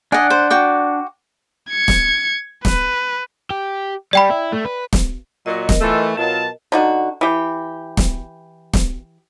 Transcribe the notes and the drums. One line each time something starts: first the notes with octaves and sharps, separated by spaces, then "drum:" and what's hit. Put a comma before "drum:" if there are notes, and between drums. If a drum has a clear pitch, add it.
D4 D5 D#5 F#5 G#5
C5
F#4 G5 D6
G#6 C#7
drum: snare
B4, drum: snare
G4
G3 D5 G5 B5
E4
A3
B4
drum: snare
A#2 F#3 A#4 D#5
drum: snare
E3 A3 F4 A4
B2 F#3 F4 A5
D3 D#4 F#4
E3 G4
drum: snare
drum: snare